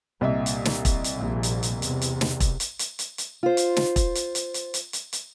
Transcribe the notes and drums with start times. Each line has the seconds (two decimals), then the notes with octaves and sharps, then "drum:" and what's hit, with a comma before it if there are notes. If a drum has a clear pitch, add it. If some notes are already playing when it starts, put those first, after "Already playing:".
0.21 C2 A#2 A#3 D#5 E5
0.46 drum: hi-hat
0.65 drum: snare
0.85 drum: kick E1, hi-hat
1.04 drum: hi-hat
1.16 A#1 A#2
1.43 drum: hi-hat
1.63 drum: hi-hat
1.82 E2 C3, drum: hi-hat
2.02 drum: hi-hat
2.21 drum: snare
2.40 drum: kick E1, hi-hat
2.60 drum: hi-hat
2.79 drum: hi-hat
2.99 drum: hi-hat
3.18 drum: hi-hat
3.43 F4 C5
3.57 drum: hi-hat
3.76 drum: snare
3.96 drum: kick E1, hi-hat
4.15 drum: hi-hat
4.35 drum: hi-hat
4.54 drum: hi-hat
4.74 drum: hi-hat
4.93 drum: hi-hat
5.13 drum: hi-hat